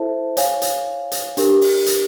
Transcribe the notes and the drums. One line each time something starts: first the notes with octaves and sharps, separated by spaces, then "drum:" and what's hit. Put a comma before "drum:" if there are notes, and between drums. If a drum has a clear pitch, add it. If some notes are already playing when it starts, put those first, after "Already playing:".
Already playing: E4 A4 C5 E5 A5
C#5 F5 G#5, drum: hi-hat
drum: hi-hat
drum: hi-hat
D4 G4 A#4, drum: hi-hat
drum: open hi-hat
drum: hi-hat